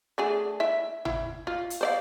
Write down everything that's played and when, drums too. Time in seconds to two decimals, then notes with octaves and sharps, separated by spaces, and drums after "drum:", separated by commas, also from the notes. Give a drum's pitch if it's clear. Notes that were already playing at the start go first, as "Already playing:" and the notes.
0.18 A3 D4 G#4
0.60 E4 E5
1.05 E4, drum: tom G#1
1.47 F4
1.70 drum: hi-hat
1.81 C5 D5 F5